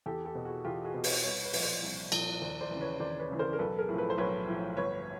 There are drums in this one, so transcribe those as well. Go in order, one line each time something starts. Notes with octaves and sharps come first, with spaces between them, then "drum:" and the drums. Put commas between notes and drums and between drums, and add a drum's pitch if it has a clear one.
E2 G4 A4
G4 A4
B2
F#4 G#4
E2 F4 G4
F#4 G#4
B2
B4 C#5, drum: open hi-hat
C2 B4 C#5
B4 C#5
A#2 F3, drum: open hi-hat
C5 D5
C2
A#2 F3, drum: cymbal
D#2 C5 D5
C5 D5
C#3 E3
B4 C#5
D#2 C5 D5
B4 C#5
C#3 E3
A#4 C5
A#4
B1 A4 B4
G#4 A#4
A2 F3
A4 B4
C5
B1 B4 C#5
A2 F3
G1 B4 C#5